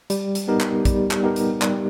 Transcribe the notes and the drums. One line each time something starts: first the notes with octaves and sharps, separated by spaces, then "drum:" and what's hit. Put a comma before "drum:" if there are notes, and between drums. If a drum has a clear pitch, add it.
G3, drum: hi-hat
drum: hi-hat
B3 D#4 G4 A#4
drum: clap
G3, drum: kick, hi-hat
drum: clap
B3 D#4 G4 A#4
drum: hi-hat
G3, drum: clap